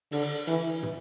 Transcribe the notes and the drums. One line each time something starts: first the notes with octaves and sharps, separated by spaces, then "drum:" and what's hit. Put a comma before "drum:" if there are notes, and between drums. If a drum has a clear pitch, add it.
D3, drum: open hi-hat
E3, drum: hi-hat
drum: tom